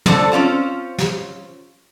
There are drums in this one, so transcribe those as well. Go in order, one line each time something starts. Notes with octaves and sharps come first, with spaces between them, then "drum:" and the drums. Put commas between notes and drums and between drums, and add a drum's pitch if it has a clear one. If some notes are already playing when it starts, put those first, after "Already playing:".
D3 A3 A#3 A4 C5, drum: tom
C4 C#4 F4 C5
drum: snare